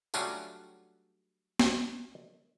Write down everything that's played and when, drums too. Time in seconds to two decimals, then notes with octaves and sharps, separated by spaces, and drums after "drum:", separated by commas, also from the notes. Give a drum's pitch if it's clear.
0.14 F#3 G3 A3 C#4 D4 F4, drum: tambourine
1.60 drum: snare